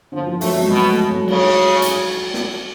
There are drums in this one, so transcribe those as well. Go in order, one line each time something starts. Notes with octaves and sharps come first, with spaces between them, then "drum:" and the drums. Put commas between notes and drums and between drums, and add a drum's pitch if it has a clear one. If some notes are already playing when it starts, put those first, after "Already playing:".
D3 F3
F3
F#3 A3, drum: open hi-hat
G#3
B2 G#3
A3
F#3
G#3
C#3 F#3, drum: cymbal
drum: hi-hat
drum: snare